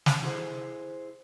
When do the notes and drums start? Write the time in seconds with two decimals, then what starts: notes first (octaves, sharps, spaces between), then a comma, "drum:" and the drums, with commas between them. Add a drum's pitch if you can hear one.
0.06 drum: snare
0.23 E4 G#4 C5